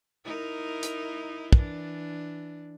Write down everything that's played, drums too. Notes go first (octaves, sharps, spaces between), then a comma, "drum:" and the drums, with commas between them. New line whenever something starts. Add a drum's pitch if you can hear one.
D#4 E4 A#4
drum: hi-hat
E3 D4, drum: kick